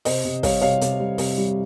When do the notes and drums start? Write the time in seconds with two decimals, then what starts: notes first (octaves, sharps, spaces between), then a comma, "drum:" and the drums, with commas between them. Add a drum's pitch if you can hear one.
0.05 C3 C5 D#5, drum: open hi-hat
0.25 C3
0.43 G3 C#5 F5, drum: kick, open hi-hat
0.62 C3 C#5 F5
0.81 C3, drum: hi-hat
1.00 G3
1.18 C3, drum: open hi-hat
1.38 G3